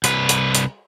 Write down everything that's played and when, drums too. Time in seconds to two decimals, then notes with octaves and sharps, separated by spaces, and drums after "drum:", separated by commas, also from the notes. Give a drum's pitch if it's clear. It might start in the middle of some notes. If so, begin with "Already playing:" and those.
0.04 C2 B4, drum: hi-hat
0.29 drum: hi-hat
0.55 drum: hi-hat